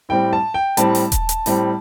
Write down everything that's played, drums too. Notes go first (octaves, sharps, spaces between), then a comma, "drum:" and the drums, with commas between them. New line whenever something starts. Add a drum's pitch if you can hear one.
A2 G3 C4 G5
A5
G5
A2 G3 C4 A5, drum: hi-hat
drum: open hi-hat
drum: kick D#1, hi-hat
drum: hi-hat
A2 G3 C4, drum: open hi-hat